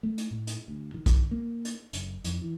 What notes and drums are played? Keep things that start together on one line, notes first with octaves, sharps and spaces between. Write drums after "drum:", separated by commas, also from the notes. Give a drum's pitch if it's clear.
A3
drum: hi-hat
A2
drum: hi-hat
D2
D#3
drum: kick B1, hi-hat
A#3
drum: hi-hat
F#1, drum: hi-hat
F2, drum: hi-hat
E3